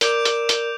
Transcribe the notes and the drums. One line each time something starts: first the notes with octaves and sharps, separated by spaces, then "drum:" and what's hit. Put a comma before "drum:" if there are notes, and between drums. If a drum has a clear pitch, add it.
A#4 D5 D6 G6 D7 F7, drum: hi-hat
drum: hi-hat
drum: hi-hat